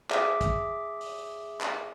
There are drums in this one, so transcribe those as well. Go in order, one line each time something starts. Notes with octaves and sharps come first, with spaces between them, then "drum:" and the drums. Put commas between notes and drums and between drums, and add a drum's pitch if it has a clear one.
G#4 E5 D6, drum: clap
drum: kick, hi-hat
drum: open hi-hat
drum: clap